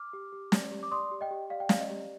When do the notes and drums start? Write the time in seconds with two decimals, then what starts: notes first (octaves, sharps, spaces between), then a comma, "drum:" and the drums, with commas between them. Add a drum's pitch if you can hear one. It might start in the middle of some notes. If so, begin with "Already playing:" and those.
Already playing: D6 F6
0.13 G4
0.33 G4
0.52 D5, drum: snare
0.72 G4
0.83 D6
0.91 D5 C6 D#6
1.11 G4
1.21 D#5 G5
1.31 G4
1.50 D5 F5
1.60 G5
1.69 D5 F5, drum: snare
1.80 D#5
1.90 G4